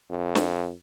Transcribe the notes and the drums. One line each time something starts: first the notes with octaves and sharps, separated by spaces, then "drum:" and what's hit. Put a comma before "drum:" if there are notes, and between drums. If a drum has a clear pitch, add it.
F2
drum: snare